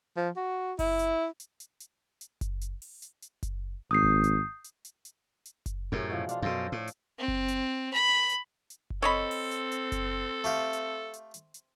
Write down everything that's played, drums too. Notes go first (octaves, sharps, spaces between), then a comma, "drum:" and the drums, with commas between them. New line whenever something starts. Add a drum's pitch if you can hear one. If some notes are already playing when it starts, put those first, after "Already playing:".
F3
F#4
E4, drum: kick F#1, open hi-hat
drum: hi-hat
drum: hi-hat
drum: hi-hat
drum: hi-hat
drum: hi-hat
drum: kick F#1, hi-hat
drum: hi-hat
drum: open hi-hat
drum: hi-hat
drum: hi-hat
drum: kick F#1, hi-hat
G#1 D#6 G6 C7
drum: kick F#1
drum: hi-hat
drum: hi-hat
drum: hi-hat
drum: hi-hat
drum: hi-hat
drum: kick F#1, hi-hat
F#2 A2 C3 G#4 A#4
B2 E3 F3
D4 F4, drum: hi-hat
F#2 B2 F4 A4 C5
A2
drum: hi-hat
C4
drum: kick F#1
drum: hi-hat
B5
drum: hi-hat
drum: hi-hat
drum: kick F#1
C4 A4 C#5 D#5 B5
drum: open hi-hat
drum: hi-hat
drum: hi-hat
drum: kick F#1, hi-hat
A3 G4 F5
drum: hi-hat
drum: hi-hat
drum: hi-hat
drum: hi-hat